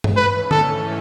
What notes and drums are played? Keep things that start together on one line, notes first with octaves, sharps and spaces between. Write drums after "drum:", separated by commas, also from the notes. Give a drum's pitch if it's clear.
drum: tom G2
G#2 E3 A3 C#4 B4
A4, drum: tom